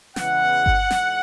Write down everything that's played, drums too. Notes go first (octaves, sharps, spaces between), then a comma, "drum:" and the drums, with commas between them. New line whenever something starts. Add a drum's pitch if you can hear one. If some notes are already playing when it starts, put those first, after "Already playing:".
E2 C#3 E3 G#3 B3 F#5, drum: snare
drum: kick G1
G#2 E3 G#3, drum: snare